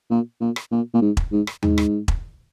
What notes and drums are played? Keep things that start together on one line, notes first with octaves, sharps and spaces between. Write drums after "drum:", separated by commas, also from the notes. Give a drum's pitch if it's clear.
A#2
A#2
drum: rim click
A#2
A#2
G#2
drum: kick E1
G#2
drum: rim click
G#2, drum: tom
drum: rim click
drum: kick E1